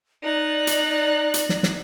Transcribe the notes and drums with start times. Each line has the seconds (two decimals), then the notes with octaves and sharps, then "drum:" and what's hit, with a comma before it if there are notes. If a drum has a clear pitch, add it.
0.23 D#4 D5 F#6
0.67 drum: hi-hat
1.34 drum: hi-hat
1.49 drum: snare
1.63 drum: snare